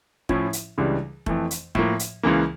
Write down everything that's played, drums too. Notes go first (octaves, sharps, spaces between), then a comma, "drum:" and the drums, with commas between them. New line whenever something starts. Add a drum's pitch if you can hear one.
A2 F3 C#4 E4, drum: kick F1
drum: hi-hat
C#2 C#3 E3 G3 D4
F2 E3 A3, drum: kick F1
drum: hi-hat
A2 F3 A#3, drum: kick F1
drum: hi-hat
C#2 C#3 E3 A#3